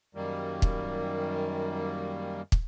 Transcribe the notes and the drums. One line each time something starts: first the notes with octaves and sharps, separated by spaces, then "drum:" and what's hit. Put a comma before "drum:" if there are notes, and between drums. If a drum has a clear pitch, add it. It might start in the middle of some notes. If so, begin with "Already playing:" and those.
F#2 D#3 G3 A#3
drum: kick
drum: kick